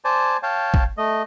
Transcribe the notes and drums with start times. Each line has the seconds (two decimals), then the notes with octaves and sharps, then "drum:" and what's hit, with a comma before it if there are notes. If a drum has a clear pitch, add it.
0.05 C5 D5 G#5 A5
0.43 C#5 F5 G5 A5
0.74 drum: kick A1
0.97 A3 D#5